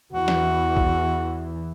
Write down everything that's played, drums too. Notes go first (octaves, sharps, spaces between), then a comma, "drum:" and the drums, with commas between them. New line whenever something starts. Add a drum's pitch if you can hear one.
E2 E3 F#4
drum: snare
drum: kick B1